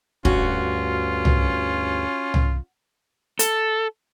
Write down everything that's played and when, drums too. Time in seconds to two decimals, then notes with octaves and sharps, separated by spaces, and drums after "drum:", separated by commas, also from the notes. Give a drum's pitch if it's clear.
0.25 D2 G2 C#4 F4 F#4, drum: kick
1.25 drum: tom C2
2.34 drum: tom C2
3.39 A4, drum: hi-hat